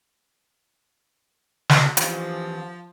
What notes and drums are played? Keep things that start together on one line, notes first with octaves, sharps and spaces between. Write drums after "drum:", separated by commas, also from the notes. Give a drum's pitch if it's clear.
drum: snare
E3 F3 G4, drum: hi-hat